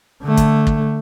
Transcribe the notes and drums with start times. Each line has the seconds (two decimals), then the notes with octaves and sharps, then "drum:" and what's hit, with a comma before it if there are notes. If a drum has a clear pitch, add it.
0.23 D3 A3
0.37 drum: kick, hi-hat
0.67 drum: kick